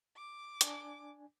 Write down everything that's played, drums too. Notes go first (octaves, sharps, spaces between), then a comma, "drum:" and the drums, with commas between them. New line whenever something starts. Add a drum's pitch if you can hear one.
D6
D4 G#5, drum: hi-hat